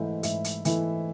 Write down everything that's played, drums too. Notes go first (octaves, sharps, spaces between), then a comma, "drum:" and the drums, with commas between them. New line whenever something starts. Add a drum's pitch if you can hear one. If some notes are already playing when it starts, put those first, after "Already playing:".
Already playing: G#2 E3 A3 E4
G#2 E5, drum: hi-hat
drum: hi-hat
E3 A3 E4 E5, drum: hi-hat